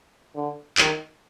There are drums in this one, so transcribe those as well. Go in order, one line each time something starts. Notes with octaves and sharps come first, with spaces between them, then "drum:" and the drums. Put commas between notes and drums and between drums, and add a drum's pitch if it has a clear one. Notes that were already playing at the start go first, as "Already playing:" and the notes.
D3
D#3, drum: clap